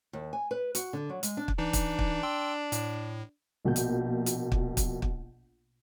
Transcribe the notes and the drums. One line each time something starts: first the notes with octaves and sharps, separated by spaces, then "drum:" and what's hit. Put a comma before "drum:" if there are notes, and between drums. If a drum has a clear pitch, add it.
D#2
G#5
B4
F#4, drum: hi-hat
D3
F#3
G#3, drum: hi-hat
D4
drum: kick
E3 D4 D#4
drum: kick, hi-hat
drum: kick
G5 C6 E6
A2, drum: hi-hat
A#1 B2 A#3 G6
drum: hi-hat
drum: hi-hat
drum: kick
drum: kick, hi-hat
drum: kick